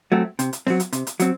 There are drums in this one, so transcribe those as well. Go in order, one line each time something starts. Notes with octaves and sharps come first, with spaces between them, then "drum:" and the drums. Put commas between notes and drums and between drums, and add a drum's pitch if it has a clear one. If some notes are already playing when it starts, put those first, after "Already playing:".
F#3 A3 C4
C3, drum: hi-hat
drum: hi-hat
F#3 C4, drum: snare
drum: hi-hat
C3, drum: hi-hat
drum: hi-hat
F#3 C4, drum: hi-hat